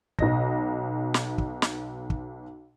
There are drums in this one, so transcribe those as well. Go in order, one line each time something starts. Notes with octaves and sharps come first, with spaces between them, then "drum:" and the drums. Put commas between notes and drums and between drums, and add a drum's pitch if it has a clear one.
B1 D#5 A#6, drum: kick
drum: snare
drum: kick
drum: snare
drum: kick